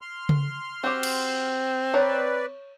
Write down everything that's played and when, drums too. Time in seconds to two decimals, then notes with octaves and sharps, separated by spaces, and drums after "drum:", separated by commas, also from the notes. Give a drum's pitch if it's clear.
0.02 C6 F6
0.29 drum: tom C#3
0.84 C4 F#4 G4
1.03 drum: cymbal
1.94 B4 C#5 D5 A#5